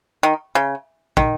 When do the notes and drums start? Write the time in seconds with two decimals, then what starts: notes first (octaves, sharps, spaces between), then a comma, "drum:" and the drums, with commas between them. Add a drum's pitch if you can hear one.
0.23 D#3
0.55 C#3
1.17 D#3, drum: kick